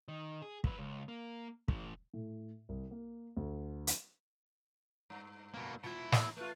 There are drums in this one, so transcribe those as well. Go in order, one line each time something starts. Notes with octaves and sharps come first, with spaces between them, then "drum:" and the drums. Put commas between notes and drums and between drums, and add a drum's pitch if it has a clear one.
D#3
G#4
F2 B4, drum: kick
C#2
A#3
E3 A3, drum: kick
A2
C2
A#3
D2
drum: hi-hat
G2
B2 A#3
B2 E4 F4
A2 E6, drum: snare
A3 F4 B4